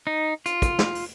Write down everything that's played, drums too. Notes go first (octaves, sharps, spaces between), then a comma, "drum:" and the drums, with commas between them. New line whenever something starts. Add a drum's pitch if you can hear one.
D#4
F4, drum: hi-hat
drum: kick, hi-hat
drum: snare
drum: open hi-hat